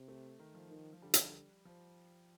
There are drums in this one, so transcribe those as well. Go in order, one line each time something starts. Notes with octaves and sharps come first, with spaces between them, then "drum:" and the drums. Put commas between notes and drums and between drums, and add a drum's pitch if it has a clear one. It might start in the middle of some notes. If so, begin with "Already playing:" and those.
Already playing: C3
A3
D#3
F3
D#3
F3
D3 G3
drum: hi-hat
F3